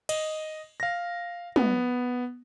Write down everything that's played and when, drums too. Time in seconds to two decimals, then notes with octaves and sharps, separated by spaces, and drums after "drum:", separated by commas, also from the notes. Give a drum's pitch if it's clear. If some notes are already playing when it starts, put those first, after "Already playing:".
0.09 D#5, drum: cymbal
0.80 F5 A#6
1.56 B3, drum: tom